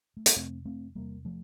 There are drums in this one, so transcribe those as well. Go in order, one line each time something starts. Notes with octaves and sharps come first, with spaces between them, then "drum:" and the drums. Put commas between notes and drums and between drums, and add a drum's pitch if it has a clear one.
A3
A#3, drum: hi-hat
F2 C3 A3 C4
A3 C4
E2 C3 G3 A#3
F3 A3